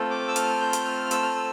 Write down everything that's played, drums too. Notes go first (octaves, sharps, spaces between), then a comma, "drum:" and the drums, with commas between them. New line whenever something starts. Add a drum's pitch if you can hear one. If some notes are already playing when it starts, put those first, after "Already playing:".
Already playing: A3 C4 F4 A4
D6
E6
F6, drum: hi-hat
G6
drum: hi-hat
F6
E6, drum: hi-hat
F6
E6